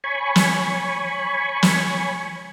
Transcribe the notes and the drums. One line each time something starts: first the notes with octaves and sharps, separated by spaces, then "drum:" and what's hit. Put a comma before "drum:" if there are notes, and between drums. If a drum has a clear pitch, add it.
C#5 G#5 B5 C#6
drum: snare
drum: snare